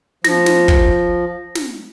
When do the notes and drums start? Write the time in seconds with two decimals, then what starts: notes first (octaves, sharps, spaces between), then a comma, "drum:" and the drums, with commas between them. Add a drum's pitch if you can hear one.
0.24 F3 A#6, drum: snare
0.46 drum: snare
0.68 drum: kick
1.55 drum: snare